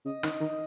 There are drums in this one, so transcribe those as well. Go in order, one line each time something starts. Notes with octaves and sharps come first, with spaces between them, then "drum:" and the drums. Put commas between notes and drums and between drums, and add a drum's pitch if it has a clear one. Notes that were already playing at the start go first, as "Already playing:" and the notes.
C#3 D#5
D#3, drum: rim click
D#3